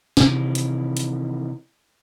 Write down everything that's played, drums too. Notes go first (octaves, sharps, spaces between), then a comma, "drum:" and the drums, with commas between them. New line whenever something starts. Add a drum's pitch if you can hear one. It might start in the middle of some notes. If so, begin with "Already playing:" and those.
C3 D#3 E3, drum: snare
drum: hi-hat
drum: hi-hat